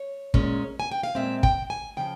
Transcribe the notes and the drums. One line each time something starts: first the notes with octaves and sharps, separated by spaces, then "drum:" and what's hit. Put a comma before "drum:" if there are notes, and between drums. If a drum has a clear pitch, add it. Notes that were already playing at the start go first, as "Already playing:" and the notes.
Already playing: C#5
A#2 G#3 C#4, drum: kick
G#5
G5
F5
A#2 G#3 C4 E5
G5, drum: kick
G#5
C#3 F3 G5